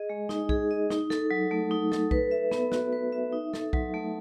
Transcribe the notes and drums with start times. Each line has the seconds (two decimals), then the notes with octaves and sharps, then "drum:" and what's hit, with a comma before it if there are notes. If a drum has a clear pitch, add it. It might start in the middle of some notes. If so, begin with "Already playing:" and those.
Already playing: G#4 D#5
0.09 G#3
0.29 D#4, drum: snare
0.49 G#4, drum: kick
0.71 D#5
0.90 D#4, drum: snare
1.10 A4, drum: snare
1.31 F#3
1.51 A3
1.71 D#4
1.92 A4, drum: snare
2.11 B4, drum: kick
2.31 E5
2.51 B3, drum: snare
2.72 F#4, drum: snare
2.93 B4
3.13 E5
3.32 D#4
3.54 A4, drum: snare
3.73 F#3, drum: kick
3.94 A3